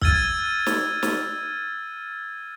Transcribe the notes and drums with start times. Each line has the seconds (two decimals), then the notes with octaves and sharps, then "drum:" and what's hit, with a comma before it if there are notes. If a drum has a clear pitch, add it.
0.02 E6 F6 G#6 A6 D#7, drum: kick
0.66 drum: snare
1.03 drum: snare